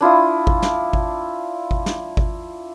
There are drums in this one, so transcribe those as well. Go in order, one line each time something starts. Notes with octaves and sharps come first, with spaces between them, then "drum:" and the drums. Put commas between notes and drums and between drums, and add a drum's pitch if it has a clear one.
D4 E4 F4 D#6
drum: kick G#1
drum: snare
drum: kick G#1
drum: kick G#1
drum: snare
drum: kick G#1